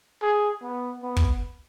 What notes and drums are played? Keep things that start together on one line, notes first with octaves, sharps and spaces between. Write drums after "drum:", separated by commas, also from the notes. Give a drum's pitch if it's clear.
G#4
B3
B3
drum: kick